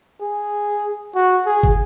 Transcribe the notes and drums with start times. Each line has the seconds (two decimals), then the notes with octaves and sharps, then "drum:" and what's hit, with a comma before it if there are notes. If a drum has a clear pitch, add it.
0.21 G#4
1.15 F#4
1.46 G#4
1.63 drum: kick